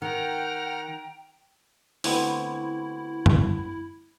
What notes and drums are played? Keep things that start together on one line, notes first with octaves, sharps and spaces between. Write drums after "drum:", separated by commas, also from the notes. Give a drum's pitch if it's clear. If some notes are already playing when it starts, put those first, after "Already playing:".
D#3 F#5 G5 A#5 F6
D2 B3 C4 E4, drum: open hi-hat
drum: tom F#2